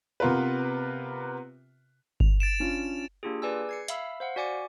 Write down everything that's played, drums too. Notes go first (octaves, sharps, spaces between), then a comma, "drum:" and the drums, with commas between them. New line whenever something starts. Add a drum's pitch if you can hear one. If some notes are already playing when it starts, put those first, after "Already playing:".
C3 B3 F4 A#4 B4
F7, drum: kick G1
A6 D7 E7
C#4 D4 F4
A#3 D4 F4 G4 G#4
G#4 B4 D5 G#5 D6 E6
G#6 C7 C#7
E5 F5 B5 E6, drum: hi-hat
C5 F5 F#5
F#4 D5 G#5 D6 C#7